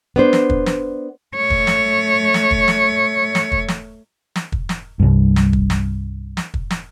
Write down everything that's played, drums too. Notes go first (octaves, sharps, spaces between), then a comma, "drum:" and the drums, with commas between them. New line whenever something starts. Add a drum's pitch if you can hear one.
B3 D4 C5
drum: snare
drum: kick
drum: snare
A3 C#5
drum: kick
drum: snare
drum: snare
drum: kick
drum: snare
drum: snare
drum: kick
drum: snare
drum: snare
drum: kick
drum: snare
C2 G2
drum: snare
drum: kick
drum: snare
drum: snare
drum: kick
drum: snare